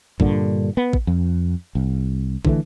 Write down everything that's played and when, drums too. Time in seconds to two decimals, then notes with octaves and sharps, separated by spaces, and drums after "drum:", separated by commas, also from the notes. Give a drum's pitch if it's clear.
0.20 G2 A#2 D3, drum: kick
0.77 B3
0.93 drum: kick
1.07 F2
1.75 C2
2.45 D3 E3 A3, drum: kick